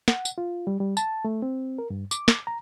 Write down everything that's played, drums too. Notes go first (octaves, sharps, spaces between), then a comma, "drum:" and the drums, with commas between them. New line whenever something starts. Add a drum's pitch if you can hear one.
F#5, drum: snare
drum: tambourine
F4
G3
G3
A5, drum: tambourine
A3
C4
A#4
G2
D6, drum: tambourine
drum: snare
A#5